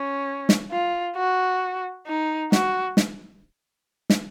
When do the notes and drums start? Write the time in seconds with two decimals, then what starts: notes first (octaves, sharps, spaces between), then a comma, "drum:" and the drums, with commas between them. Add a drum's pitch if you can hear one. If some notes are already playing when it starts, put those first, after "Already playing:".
Already playing: C#4
0.49 drum: snare
0.72 F4
1.16 F#4
2.07 D#4
2.52 F#4, drum: snare
2.97 drum: snare
4.10 drum: snare